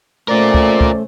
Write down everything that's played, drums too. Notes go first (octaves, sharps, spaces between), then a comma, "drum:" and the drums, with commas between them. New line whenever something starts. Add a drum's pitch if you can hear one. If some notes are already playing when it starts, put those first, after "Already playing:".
A3 C#4 F4 A#4 C5 D5
drum: kick
drum: kick